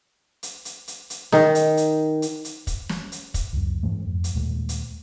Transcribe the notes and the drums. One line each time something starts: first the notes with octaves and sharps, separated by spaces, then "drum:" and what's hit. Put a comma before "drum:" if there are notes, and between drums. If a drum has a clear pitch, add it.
drum: hi-hat
drum: hi-hat
drum: hi-hat
drum: hi-hat
D#3 D#4, drum: snare
drum: hi-hat
drum: hi-hat
drum: hi-hat
drum: hi-hat
drum: kick, hi-hat
drum: snare
drum: hi-hat
drum: kick, hi-hat
C#2 F#2
G#2 E3 A3
F2
drum: hi-hat
D#2 A#2 G#3 A3
drum: hi-hat